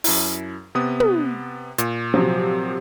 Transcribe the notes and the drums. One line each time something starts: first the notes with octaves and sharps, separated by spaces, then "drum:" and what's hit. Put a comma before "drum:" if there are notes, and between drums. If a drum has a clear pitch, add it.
F#2 E4, drum: open hi-hat
C3 B3 D#6
drum: tom
A#2, drum: hi-hat
C3 F3 F#3